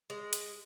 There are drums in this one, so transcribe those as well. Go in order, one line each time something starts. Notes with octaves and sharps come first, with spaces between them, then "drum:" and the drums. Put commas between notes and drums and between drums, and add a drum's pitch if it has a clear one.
G#3
drum: hi-hat